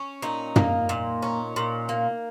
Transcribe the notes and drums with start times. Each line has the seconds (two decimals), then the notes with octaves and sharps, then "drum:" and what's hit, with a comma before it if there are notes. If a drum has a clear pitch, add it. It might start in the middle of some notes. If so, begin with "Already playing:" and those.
Already playing: C#4
0.22 A#2 D#4
0.56 A#3, drum: tom
0.89 A#2
1.22 C#4
1.56 A#2
1.89 A#3